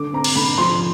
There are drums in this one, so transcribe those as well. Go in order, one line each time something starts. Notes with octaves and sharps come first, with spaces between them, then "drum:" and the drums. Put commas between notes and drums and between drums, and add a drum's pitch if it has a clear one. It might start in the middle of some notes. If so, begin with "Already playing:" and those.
Already playing: D3 D6
C4 A#5
drum: cymbal
D3 B5
F3 C6